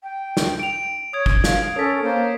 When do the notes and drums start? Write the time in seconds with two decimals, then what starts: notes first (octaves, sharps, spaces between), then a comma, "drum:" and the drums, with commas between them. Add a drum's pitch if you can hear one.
0.03 G5
0.37 drum: snare
0.59 D7 F7
1.13 C#5 D#6 G#6
1.26 drum: kick
1.44 F5, drum: snare
1.76 C#4 A4 A#4 C#5 D#6 B6
2.03 A#3 C5